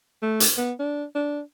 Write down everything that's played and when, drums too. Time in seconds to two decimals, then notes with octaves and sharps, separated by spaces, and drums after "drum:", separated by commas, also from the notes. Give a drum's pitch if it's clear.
0.22 A3
0.40 drum: hi-hat
0.58 B3
0.80 D4
1.15 D4